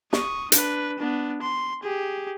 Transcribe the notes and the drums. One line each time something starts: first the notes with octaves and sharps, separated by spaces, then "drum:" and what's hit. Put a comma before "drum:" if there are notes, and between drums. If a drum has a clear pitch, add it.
C#6 D#6, drum: snare
D4 B4, drum: hi-hat
B3 D4
C6
G4 G#4